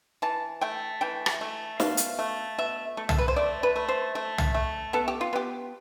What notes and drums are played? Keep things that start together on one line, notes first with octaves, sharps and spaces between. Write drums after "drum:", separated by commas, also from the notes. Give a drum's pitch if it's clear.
E3 A5
A3 G5
E3 G5
drum: rim click
A3
B2 F5, drum: snare
drum: hi-hat
A3
B2 E5
A3
A4, drum: tom
B4
C5
A3 D5
B4
A3
C5
A3
drum: tom
A3
B3 A4
G4
F4
B3 G4